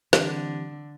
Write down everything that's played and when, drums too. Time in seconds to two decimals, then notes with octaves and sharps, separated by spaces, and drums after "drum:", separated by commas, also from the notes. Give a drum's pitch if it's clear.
0.13 D3 E3 G3 C4, drum: snare